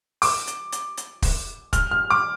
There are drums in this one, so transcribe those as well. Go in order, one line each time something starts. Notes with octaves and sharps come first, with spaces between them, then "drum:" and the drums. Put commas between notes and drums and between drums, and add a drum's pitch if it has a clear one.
D6, drum: open hi-hat
drum: hi-hat
drum: hi-hat
drum: hi-hat
drum: kick, open hi-hat
F6, drum: kick, hi-hat
F6
D6